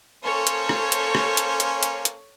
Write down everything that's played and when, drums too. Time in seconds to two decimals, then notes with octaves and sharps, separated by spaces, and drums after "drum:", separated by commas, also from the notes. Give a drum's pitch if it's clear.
0.24 A#3 C#4 A4 C5 C#5
0.47 drum: hi-hat
0.69 drum: rim click
0.92 drum: hi-hat
1.15 drum: rim click
1.37 drum: hi-hat
1.60 drum: hi-hat
1.83 drum: hi-hat
2.05 drum: hi-hat